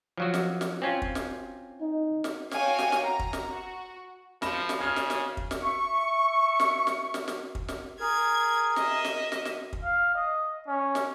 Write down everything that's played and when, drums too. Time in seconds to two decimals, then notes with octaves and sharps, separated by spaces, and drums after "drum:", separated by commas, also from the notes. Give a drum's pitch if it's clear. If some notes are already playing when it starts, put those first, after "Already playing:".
0.17 F3 F#3 F#4
0.34 drum: snare
0.61 drum: snare
0.82 C4 C#4 F4
1.02 drum: kick
1.15 drum: snare
1.81 D#4
2.24 drum: snare
2.51 F#4 C#5 F5 G5 G#5, drum: snare
2.79 drum: snare
2.92 drum: snare
3.03 A#5
3.19 drum: kick
3.33 drum: snare
3.47 F#4
4.42 F3 B5 A#6 E7, drum: snare
4.69 drum: snare
4.79 C#3 F6 G#6 C7
4.96 drum: snare
5.10 drum: snare
5.37 drum: kick
5.51 drum: snare
5.62 E5 C#6
6.60 drum: snare
6.87 drum: snare
7.14 drum: snare
7.28 drum: snare
7.55 drum: kick
7.68 drum: snare
8.00 G#4 A#4 G#6
8.76 D#5 E5, drum: snare
9.05 drum: snare
9.32 drum: snare
9.45 drum: snare
9.73 drum: kick
9.83 F5
10.15 D#5
10.67 C#4
10.95 drum: snare